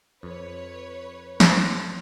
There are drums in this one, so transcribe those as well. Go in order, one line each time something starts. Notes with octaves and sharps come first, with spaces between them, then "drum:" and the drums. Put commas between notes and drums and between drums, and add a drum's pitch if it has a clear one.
F2 B4 C#5
drum: snare